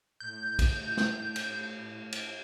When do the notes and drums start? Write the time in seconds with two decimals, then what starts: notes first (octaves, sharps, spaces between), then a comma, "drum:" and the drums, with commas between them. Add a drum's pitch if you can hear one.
0.20 A2 G6
0.59 drum: kick, cymbal
0.97 drum: snare
1.36 drum: cymbal
2.12 drum: cymbal